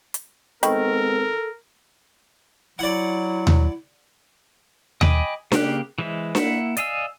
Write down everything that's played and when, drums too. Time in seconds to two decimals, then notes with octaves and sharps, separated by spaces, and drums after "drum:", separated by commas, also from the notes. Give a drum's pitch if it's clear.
0.14 drum: hi-hat
0.63 D#3 G#3 B3 C4 A4 A#4 B5, drum: hi-hat
2.79 F#3 E4 D5 F#5
3.47 drum: tom D#2
5.01 D#5 G5 G#5 B5 D6, drum: tom D#2
5.52 C#3 A#3 G4 F#6, drum: snare D4
5.98 E3 G#3 C5 E5
6.35 A#3 E4 E5 F#5, drum: snare D4
6.77 D5 D#5 F5 G#5 E6, drum: hi-hat